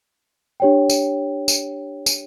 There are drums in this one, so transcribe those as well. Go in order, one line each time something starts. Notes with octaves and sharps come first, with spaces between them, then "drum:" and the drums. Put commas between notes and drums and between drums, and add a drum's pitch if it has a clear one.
D4 G4 C#5 G5
drum: tambourine
drum: tambourine
drum: tambourine